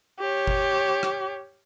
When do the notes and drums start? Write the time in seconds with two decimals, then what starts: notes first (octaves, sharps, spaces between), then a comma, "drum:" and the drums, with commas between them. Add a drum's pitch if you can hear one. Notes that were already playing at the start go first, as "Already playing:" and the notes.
0.20 G4 C#5
0.47 drum: kick G1
1.03 drum: rim click